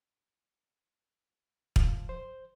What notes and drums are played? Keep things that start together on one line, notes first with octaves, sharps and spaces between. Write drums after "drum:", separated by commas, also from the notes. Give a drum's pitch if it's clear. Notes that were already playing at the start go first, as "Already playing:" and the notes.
F3, drum: kick
C5